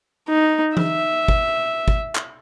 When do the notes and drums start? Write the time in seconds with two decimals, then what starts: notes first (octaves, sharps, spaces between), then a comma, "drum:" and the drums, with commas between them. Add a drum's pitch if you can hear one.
0.29 D#4
0.77 E5, drum: tom E3
1.28 drum: kick
1.88 drum: kick
2.15 drum: clap